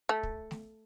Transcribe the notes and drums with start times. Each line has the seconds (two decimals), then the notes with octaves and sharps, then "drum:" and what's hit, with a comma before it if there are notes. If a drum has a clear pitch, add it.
0.09 A3
0.23 drum: kick
0.51 drum: snare A3